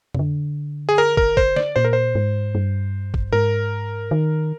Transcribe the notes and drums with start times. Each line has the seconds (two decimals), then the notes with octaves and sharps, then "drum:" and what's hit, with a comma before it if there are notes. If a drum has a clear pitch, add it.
0.15 C3, drum: tom F2
0.19 D3
0.89 G#4
0.98 A#4
1.17 A#4, drum: kick
1.37 C5, drum: kick
1.56 D5, drum: snare
1.76 A#2 C5
1.85 A#4
1.93 C5
2.15 G#2
2.55 G2
3.14 drum: kick
3.33 G#2 A#4
4.11 D#3